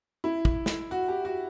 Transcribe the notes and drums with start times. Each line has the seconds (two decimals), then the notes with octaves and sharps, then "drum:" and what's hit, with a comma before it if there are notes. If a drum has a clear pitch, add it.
0.24 E4
0.45 drum: kick
0.66 drum: snare
0.91 F#4
1.08 G4
1.25 F#4